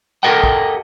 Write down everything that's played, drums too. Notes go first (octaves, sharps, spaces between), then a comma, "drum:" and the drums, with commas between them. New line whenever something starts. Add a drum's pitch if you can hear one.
G4 A4 A#4 D#5 F#5 G5
drum: kick